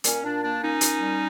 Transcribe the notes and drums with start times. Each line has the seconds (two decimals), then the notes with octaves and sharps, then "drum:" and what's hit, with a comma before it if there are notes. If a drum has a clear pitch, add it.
0.04 A#2 C#4, drum: hi-hat
0.23 A#2 D4
0.42 A#3 D4
0.61 A#2 C#4 D#4
0.81 A#2, drum: hi-hat
1.00 G3